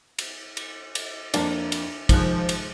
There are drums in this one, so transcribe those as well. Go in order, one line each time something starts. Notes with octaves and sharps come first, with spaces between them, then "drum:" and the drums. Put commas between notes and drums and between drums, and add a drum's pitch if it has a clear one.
drum: cymbal
drum: cymbal
drum: cymbal
F2 A#3 D4, drum: cymbal
drum: cymbal
D#3 F3 G#3 F#6, drum: kick A#1, cymbal
drum: cymbal